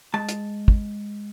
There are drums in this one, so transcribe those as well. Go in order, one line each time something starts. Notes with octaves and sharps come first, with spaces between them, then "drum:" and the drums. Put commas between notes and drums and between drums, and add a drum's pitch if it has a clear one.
G#3 A5
drum: hi-hat
drum: kick